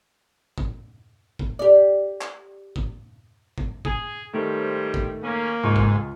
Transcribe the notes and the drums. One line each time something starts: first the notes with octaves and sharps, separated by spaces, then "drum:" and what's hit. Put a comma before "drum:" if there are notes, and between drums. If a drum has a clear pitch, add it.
drum: kick
drum: kick
G4 D5
drum: clap
drum: kick
drum: kick
G#4, drum: kick
G#2 D#3 F3 G3 A3
drum: kick
A#3 C#4
C#2 G#2 D#4 F4 C#6
drum: kick